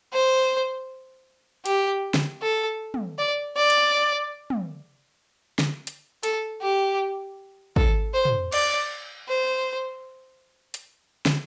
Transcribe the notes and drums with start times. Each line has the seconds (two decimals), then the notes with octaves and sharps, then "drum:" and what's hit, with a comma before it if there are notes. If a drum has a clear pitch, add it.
0.13 C5
1.66 G4, drum: hi-hat
2.14 drum: snare
2.42 A4
2.94 drum: tom
3.18 D5
3.57 D5
3.70 drum: hi-hat
4.50 drum: tom
5.59 drum: snare
5.87 drum: hi-hat
6.23 A4, drum: hi-hat
6.62 G4
7.76 A4, drum: kick
8.14 C5
8.25 drum: tom
8.52 D5, drum: cymbal
9.29 C5
10.74 drum: hi-hat
11.26 drum: snare